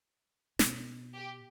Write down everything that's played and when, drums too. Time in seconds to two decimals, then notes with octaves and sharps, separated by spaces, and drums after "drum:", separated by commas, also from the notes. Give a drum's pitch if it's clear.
0.59 B2, drum: snare
1.15 G4